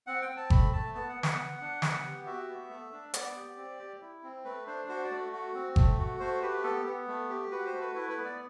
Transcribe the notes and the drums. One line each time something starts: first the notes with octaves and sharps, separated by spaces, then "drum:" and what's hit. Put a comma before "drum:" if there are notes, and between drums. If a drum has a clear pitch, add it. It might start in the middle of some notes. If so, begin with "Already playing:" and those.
C4 F#5
G5
C4
A5
A3 B5, drum: kick G1
A3 A5
B3 A5
F#5
B3
F#5, drum: snare
B3
D4
B3, drum: snare
G4
F#4 E5
B3
A3
D4
B3 D5, drum: hi-hat
G4
C4
G4
E4
C4
A3 B4
D4 C5
F#4 C5
D5
A3
F#4
C4
A3, drum: kick G1
F#4
A3 C5
G4 B4
B3 A4
B3
A3
G4
F#4 B4
C5
A3
B4
E4 B4
B4
B3
D5